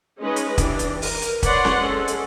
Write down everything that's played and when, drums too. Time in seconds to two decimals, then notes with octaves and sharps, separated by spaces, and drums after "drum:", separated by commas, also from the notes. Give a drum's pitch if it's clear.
0.19 G#3 C#4 D#4 B4 D#5
0.36 drum: hi-hat
0.58 E3 D4 G4, drum: kick, hi-hat
0.79 drum: hi-hat
1.02 A#4, drum: open hi-hat
1.22 drum: hi-hat
1.43 B4 C#5 D5 F#5 C6, drum: kick, hi-hat
1.65 drum: snare C4
1.79 G#3 C#4 A4
2.08 drum: hi-hat